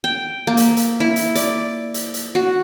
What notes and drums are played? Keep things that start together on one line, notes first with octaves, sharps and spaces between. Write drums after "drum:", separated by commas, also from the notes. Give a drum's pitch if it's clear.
G5
A#3
drum: hi-hat
drum: hi-hat
E4
drum: hi-hat
D5, drum: hi-hat
drum: hi-hat
drum: hi-hat
F#4